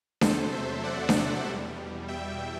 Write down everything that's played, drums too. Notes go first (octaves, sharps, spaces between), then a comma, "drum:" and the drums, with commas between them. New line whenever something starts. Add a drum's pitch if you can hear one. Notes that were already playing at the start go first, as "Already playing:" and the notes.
E2 C3 F#3 A3 A4 C5, drum: snare D4
C5 E5
D5 F#5
drum: snare D4
E2 B2 G3
E5 G5